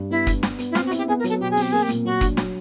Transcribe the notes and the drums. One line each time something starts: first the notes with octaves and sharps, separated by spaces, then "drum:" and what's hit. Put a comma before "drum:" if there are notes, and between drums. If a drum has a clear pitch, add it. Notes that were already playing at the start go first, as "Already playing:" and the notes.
Already playing: G2
B3 E4
D4, drum: kick, hi-hat
B3, drum: snare
B3, drum: hi-hat
E4
C4 F4, drum: snare
F#4
E4, drum: hi-hat
G4
B3 G#4
A#4
F#3 A4, drum: hi-hat
B2 G4
G#4
C4 G4, drum: open hi-hat
A#3 G#4
G4
A#2, drum: hi-hat
F#3 F#4
D4, drum: kick, hi-hat
F#3, drum: snare